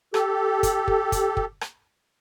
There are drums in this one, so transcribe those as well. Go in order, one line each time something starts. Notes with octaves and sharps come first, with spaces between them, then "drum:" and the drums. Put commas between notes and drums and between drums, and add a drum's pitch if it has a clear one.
G4 A4, drum: rim click
drum: kick, hi-hat
drum: kick
drum: kick, hi-hat
drum: kick
drum: rim click